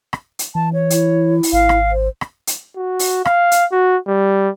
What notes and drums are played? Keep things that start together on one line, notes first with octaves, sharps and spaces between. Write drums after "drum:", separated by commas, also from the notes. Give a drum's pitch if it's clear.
drum: rim click
drum: hi-hat
E3 A5
C#5
E4, drum: hi-hat
drum: open hi-hat
G#1 F5
drum: rim click
C5
drum: rim click
drum: hi-hat
F#4
drum: open hi-hat
F5, drum: rim click
drum: hi-hat
F#4
G3